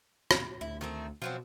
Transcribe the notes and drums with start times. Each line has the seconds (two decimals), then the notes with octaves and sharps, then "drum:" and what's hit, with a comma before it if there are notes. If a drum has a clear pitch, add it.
0.31 drum: rim click
0.61 D2 E4
0.81 D#3 A3 C4
1.22 B2 F3 F#3 C4